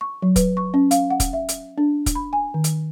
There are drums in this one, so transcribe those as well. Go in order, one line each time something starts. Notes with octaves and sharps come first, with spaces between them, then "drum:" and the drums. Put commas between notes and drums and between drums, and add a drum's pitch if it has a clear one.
C#6
F#3
B4, drum: kick, hi-hat
C#6
C#4
F5, drum: hi-hat
F#5
drum: kick, hi-hat
E5
drum: hi-hat
D4
drum: kick, hi-hat
B5
G#5
D#3
drum: hi-hat